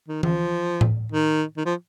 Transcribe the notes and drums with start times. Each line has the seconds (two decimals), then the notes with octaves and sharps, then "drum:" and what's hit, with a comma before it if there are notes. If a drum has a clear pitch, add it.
0.08 D#3
0.23 F3, drum: tom E3
0.81 drum: tom A2
1.12 D#3
1.57 D#3
1.66 F3